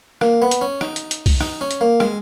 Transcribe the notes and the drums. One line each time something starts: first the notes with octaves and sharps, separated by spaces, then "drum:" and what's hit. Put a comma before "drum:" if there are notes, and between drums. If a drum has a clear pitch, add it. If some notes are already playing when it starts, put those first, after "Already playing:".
A#3, drum: rim click
B3
drum: hi-hat
C#4
D#4, drum: rim click
drum: hi-hat
drum: hi-hat
drum: kick C2, open hi-hat
D#4, drum: rim click
C#4
drum: hi-hat
A#3
G#3, drum: rim click